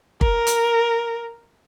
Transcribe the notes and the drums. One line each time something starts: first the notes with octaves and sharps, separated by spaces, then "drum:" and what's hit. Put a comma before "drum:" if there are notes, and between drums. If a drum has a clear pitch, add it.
A#4, drum: kick
drum: hi-hat